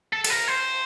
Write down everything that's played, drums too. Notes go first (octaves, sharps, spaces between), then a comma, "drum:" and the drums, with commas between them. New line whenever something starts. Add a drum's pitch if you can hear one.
A4
A4, drum: cymbal
A#4
C5